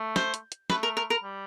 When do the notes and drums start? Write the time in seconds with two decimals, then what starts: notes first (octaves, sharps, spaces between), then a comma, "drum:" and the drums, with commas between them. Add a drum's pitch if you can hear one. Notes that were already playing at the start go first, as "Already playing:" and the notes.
Already playing: A3
0.16 C5, drum: snare
0.34 drum: hi-hat
0.52 drum: hi-hat
0.70 A3 B4, drum: snare
0.83 A#4
0.97 A#4
1.10 A#4
1.23 G3